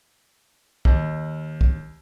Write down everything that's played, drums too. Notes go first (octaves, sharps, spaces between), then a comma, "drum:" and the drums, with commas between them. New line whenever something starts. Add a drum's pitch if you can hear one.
D#2, drum: kick
drum: kick